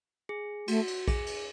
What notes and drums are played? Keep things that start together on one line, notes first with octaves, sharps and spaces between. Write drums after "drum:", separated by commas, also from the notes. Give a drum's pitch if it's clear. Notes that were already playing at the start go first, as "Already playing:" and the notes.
G#4
A3 F#4, drum: cymbal
drum: cymbal
G#4, drum: kick A#1, cymbal
drum: cymbal